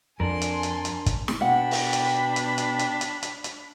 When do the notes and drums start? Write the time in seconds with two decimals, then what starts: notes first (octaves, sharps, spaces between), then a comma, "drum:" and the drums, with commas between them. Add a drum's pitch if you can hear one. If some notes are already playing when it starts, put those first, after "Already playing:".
0.20 F2 D4 A#4 G#5 C6
0.41 drum: hi-hat
0.63 drum: hi-hat
0.85 drum: hi-hat
1.06 drum: kick, hi-hat
1.28 drum: snare
1.41 B2 D4 F#5 G5 B5
1.71 drum: open hi-hat
1.93 drum: hi-hat
2.36 drum: hi-hat
2.58 drum: hi-hat
2.79 drum: hi-hat
3.01 drum: hi-hat
3.23 drum: hi-hat
3.44 drum: hi-hat